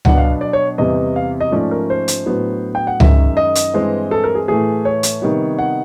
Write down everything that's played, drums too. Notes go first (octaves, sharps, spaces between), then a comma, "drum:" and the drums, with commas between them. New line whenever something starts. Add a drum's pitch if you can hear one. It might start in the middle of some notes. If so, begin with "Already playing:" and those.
B2 F#3 B3 D4 F#5, drum: tom C#2
F5
D5
C#5
E2 C3 E3 G3 D#5
F5
D#5
G#2 F3 A3 C#4 D5
A#4
C5
drum: hi-hat
A2 F#3 B3 D4
G5
F#5
F#2 D#3 G#3 C#4 E5, drum: tom C#2
D#5
drum: hi-hat
G2 E3 G#3 C4
A4
A#4
G#4
A2 E3 A3 G#4
C#5
drum: hi-hat
C3 D#3 G3 B3
F#5